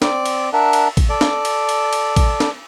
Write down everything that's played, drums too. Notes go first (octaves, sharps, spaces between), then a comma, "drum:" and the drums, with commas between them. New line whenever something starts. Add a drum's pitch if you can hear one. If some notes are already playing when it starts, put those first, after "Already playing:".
C4 D5, drum: snare
drum: cymbal
D4 A#4 E5 F#5
drum: cymbal
drum: kick A1, cymbal
A4 D5
drum: snare
drum: cymbal
drum: cymbal
drum: cymbal
drum: kick A1, cymbal
drum: snare